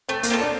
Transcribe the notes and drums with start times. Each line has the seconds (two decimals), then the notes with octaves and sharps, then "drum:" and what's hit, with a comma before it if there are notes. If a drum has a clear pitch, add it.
0.08 A3 C4
0.23 A#3, drum: hi-hat
0.30 C4 F4 A4
0.41 D4